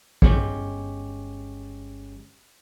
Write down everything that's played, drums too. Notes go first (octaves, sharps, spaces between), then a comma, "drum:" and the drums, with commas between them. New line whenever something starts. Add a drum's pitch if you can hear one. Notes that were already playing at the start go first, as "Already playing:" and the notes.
G1 G#3 C#4 G4 C#6 G6, drum: kick